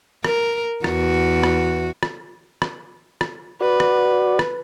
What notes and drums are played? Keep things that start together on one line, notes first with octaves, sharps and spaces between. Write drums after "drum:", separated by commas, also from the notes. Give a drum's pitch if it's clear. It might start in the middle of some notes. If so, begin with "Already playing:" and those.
A#4, drum: rim click
E2 F#4, drum: rim click
drum: rim click
drum: rim click
drum: rim click
drum: rim click
F#4 B4 D5
drum: rim click
drum: rim click